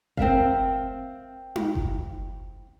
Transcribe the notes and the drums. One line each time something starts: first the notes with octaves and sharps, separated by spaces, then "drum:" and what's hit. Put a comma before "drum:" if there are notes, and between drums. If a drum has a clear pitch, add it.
C4 A#4 E5 F5, drum: kick F#1
drum: tom D#4
drum: kick F#1